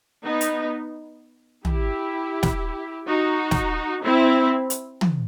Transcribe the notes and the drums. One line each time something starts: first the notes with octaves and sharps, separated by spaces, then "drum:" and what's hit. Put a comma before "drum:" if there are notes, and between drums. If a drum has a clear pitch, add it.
B3 D#4
drum: hi-hat
E4 G4, drum: tom
drum: snare
D#4 F#4
drum: snare
C4 E4
drum: hi-hat
drum: tom